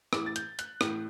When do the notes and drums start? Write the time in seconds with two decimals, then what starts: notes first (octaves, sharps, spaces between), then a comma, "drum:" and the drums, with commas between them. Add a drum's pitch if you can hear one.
0.13 A2 E3 D6, drum: rim click
0.26 A6
0.36 G6, drum: hi-hat
0.59 F#6, drum: hi-hat
0.81 A2 E3, drum: rim click